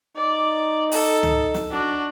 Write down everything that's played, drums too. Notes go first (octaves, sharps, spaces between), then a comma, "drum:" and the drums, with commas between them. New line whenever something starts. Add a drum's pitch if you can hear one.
D#4 D5
A4, drum: open hi-hat
drum: tom
drum: snare
D4 F#4